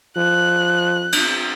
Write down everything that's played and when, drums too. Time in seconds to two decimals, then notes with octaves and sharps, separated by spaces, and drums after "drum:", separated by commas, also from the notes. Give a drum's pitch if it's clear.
0.17 F3 F#6
1.12 drum: cymbal